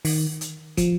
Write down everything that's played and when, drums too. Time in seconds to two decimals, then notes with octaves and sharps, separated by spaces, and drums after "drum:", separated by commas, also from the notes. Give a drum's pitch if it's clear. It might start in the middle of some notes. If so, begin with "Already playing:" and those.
0.05 D#3, drum: open hi-hat
0.41 drum: hi-hat
0.77 F3, drum: kick, hi-hat